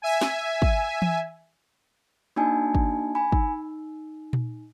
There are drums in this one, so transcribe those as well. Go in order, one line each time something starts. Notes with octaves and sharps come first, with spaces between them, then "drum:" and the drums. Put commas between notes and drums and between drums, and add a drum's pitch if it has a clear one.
E5 G#5
drum: snare
drum: kick
drum: tom E3
A#3 D4 D#4 F#4 G#5 A5
drum: kick
G#5 B5
D#4, drum: kick
drum: tom A#2